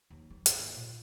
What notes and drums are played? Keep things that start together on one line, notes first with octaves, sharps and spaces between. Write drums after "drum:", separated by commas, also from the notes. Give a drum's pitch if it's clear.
D#2
G3
G#2, drum: hi-hat
D#2
A#2